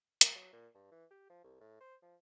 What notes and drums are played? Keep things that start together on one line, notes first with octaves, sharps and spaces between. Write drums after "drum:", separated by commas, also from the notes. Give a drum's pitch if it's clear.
A#4, drum: hi-hat
F#3
A#2
G2
E3
G4
F3
C2
A2
C5
F3